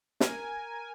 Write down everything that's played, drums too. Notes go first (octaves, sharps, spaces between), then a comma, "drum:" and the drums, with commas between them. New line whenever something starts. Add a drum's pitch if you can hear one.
A#4 G#5, drum: snare